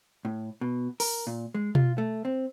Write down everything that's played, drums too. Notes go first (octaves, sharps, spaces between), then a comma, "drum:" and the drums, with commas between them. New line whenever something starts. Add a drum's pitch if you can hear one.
A2
B2
A#4, drum: open hi-hat
A#2
G#3
F4, drum: tom B2
A3
C4